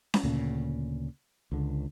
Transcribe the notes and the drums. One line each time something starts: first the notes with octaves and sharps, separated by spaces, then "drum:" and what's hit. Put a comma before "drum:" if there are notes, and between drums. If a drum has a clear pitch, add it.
drum: snare C#4
D2 A#2 C#3
C#2 D3